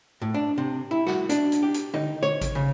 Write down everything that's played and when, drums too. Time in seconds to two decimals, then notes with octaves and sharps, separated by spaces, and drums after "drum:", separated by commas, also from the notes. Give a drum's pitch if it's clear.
0.22 A2
0.34 D4
0.58 C3
0.91 E4
1.07 F#4, drum: snare
1.29 D4, drum: hi-hat
1.52 drum: hi-hat
1.63 G4
1.74 drum: hi-hat
1.94 D#4, drum: tom D3
2.23 C#5
2.41 drum: kick A1, hi-hat
2.55 C#3